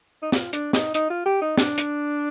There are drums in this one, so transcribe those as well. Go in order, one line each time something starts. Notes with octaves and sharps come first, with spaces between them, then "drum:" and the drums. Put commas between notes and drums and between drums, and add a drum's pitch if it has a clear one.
D#4
F4, drum: snare
D4, drum: hi-hat
D#4, drum: snare
D#4, drum: hi-hat
F4
G4
D#4
D4, drum: snare
drum: hi-hat